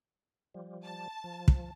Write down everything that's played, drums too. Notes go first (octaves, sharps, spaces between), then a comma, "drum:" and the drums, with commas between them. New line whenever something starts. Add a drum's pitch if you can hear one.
F3 G3
A5
F3
drum: kick